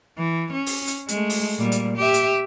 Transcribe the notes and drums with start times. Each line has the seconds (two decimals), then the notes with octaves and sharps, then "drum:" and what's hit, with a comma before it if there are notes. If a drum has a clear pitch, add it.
0.18 E3
0.52 C#4
0.66 drum: open hi-hat
0.87 drum: hi-hat
1.08 G#3 A3, drum: hi-hat
1.30 drum: open hi-hat
1.58 A#2 G3
1.72 drum: hi-hat
1.97 G4 E5
2.14 drum: hi-hat